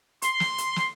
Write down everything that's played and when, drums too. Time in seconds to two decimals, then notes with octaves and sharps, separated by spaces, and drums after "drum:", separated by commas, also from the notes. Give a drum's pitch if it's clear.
0.22 C6, drum: hi-hat
0.40 drum: snare
0.58 drum: hi-hat
0.76 drum: snare